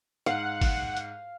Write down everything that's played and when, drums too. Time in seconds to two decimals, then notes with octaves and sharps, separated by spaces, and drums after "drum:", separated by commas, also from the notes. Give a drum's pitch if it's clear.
0.26 G#2 F5 F#5, drum: hi-hat
0.61 drum: kick, open hi-hat
0.97 drum: hi-hat